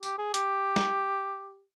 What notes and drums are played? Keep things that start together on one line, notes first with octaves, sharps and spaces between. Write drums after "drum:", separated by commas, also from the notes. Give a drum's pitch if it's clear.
G4, drum: tambourine
G#4
G4, drum: hi-hat
drum: snare